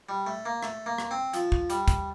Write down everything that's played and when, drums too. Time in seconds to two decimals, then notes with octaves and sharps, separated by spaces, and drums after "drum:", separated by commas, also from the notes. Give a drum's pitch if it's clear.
0.09 G3
0.27 A3
0.46 A#3
0.63 A3, drum: rim click
0.86 A#3
0.98 drum: rim click
1.11 C4
1.34 F3, drum: hi-hat
1.52 drum: kick
1.70 G3, drum: hi-hat
1.88 drum: kick, hi-hat